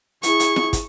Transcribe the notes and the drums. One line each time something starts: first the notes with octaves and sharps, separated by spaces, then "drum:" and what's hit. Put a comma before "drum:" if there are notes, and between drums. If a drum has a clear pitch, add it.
E4 G#4 C#6, drum: hi-hat
drum: hi-hat
drum: snare
drum: kick, hi-hat